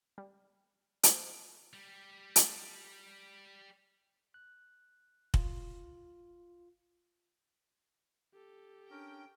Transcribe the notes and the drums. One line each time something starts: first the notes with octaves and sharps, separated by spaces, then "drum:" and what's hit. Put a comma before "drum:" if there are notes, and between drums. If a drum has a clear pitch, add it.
G3
C5 D#5, drum: hi-hat
G3 G4
drum: hi-hat
F#6
F4, drum: kick
G4 A4
C#4 D4 A#4 G5